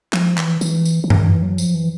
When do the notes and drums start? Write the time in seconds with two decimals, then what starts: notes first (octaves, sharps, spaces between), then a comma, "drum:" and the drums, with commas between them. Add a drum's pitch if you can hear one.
0.13 F3, drum: clap
0.38 E3, drum: clap
0.61 E3, drum: tambourine
0.86 drum: tambourine
1.04 E3
1.10 D#3, drum: tom F#2
1.26 E3
1.43 F#3
1.58 F3, drum: tambourine
1.75 E3